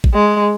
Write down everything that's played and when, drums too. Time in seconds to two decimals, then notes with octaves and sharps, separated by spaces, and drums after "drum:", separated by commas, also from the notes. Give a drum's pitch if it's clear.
0.04 drum: kick
0.14 G#3